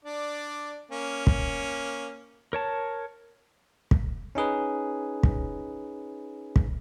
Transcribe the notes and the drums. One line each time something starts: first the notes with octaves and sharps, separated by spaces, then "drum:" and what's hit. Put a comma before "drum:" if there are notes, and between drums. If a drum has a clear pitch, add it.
D4 D5
A#3 C#4
drum: kick
A#4 C#5 A5
drum: kick
C#4 D#4 G#4 B4
drum: kick
drum: kick